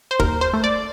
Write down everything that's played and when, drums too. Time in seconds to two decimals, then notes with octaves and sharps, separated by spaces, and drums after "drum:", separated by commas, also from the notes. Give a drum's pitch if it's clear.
0.11 C5
0.20 D#2 A#4, drum: kick
0.41 C5
0.53 A3
0.64 D5